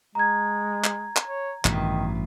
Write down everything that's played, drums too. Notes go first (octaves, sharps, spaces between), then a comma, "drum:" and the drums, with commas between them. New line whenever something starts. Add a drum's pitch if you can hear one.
G#3 A#5 G#6
drum: clap
drum: clap
C#5
A1 G2 B2 D#3, drum: clap